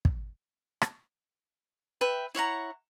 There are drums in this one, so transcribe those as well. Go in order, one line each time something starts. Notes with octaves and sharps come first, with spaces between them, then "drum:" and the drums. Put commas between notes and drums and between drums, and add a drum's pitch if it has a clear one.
drum: kick
drum: rim click
B4 E5 G5
E4 C#5 F#5 A#5